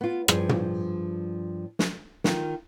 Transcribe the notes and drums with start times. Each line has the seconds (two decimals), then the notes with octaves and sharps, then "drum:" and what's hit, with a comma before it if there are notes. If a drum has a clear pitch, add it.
0.01 B3 F4
0.28 G2 F3 G#4, drum: rim click
0.49 drum: tom
1.79 drum: snare
2.24 D#3 F4, drum: snare